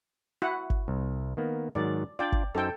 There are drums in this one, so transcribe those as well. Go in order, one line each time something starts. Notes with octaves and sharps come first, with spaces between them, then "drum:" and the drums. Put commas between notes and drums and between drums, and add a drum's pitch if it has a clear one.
E4 F#4 F#5
drum: kick G1
C2
D#3 A#3 B3
G#2 D#3 F#3 D5
D4 F4 D5 G5
drum: kick G1
F#2 D#4 A4 C5 G5